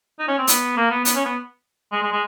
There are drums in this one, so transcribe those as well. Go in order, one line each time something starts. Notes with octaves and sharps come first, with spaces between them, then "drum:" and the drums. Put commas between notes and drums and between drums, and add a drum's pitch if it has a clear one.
D#4
C#4
C4
B3, drum: hi-hat
A#3
B3
B3, drum: hi-hat
C#4
B3
G#3
G#3
G#3